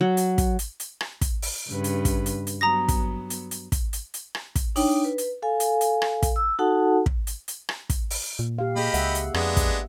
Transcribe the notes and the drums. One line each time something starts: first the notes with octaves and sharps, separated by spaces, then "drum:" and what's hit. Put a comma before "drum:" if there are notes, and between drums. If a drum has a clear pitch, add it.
F#3
drum: hi-hat
drum: kick, hi-hat
drum: hi-hat
drum: hi-hat
drum: rim click
drum: kick, hi-hat
drum: open hi-hat
G2 C#3 B4
drum: hi-hat
drum: kick, hi-hat
drum: hi-hat
drum: hi-hat
F#3 B3 A#5 D#6 A#6
drum: kick, hi-hat
drum: hi-hat
drum: hi-hat
drum: kick, hi-hat
drum: hi-hat
drum: hi-hat
drum: rim click
drum: kick, hi-hat
D4 D#4 C#5 G5, drum: open hi-hat
B4
drum: hi-hat
A4 F5 G#5
drum: hi-hat
drum: hi-hat
drum: rim click
drum: kick, hi-hat
E6
D#4 F#4 A4 F#5 A5
drum: kick
drum: hi-hat
drum: hi-hat
drum: rim click
drum: kick, hi-hat
drum: open hi-hat
A#2
G4 F5
A#3 G4 G#4 D#5 B5
C#2 E5 F#5, drum: hi-hat
drum: hi-hat
F2 G#3 B3 D4, drum: rim click
drum: kick, hi-hat